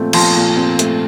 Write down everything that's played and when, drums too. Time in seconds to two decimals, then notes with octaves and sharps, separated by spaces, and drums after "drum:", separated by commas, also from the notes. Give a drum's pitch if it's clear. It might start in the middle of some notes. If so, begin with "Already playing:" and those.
Already playing: A#2 F3 A3 C4
0.13 F3 A5 C6, drum: cymbal
0.36 A#2
0.57 C4
0.79 A3, drum: hi-hat